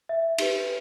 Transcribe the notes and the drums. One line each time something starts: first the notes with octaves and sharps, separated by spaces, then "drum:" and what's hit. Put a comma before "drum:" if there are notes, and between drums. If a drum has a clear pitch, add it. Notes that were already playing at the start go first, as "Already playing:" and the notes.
E5
D#4 G4 B4, drum: cymbal